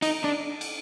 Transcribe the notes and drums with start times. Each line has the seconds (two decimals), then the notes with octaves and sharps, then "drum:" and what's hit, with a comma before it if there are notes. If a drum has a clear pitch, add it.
0.02 D#4, drum: cymbal
0.24 D4
0.61 drum: cymbal